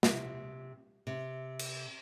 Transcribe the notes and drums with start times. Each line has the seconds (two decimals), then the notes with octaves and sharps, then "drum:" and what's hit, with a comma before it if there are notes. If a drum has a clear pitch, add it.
0.03 C3, drum: snare
1.07 C3
1.59 drum: cymbal